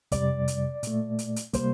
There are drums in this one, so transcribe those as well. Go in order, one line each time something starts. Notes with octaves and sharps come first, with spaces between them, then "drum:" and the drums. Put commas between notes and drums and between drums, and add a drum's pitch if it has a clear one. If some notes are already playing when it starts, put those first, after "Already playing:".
F2 C3 G3 D5, drum: kick, hi-hat
drum: hi-hat
A#2 A3, drum: hi-hat
drum: hi-hat
drum: hi-hat
C3 G3 A#3 C5, drum: kick, hi-hat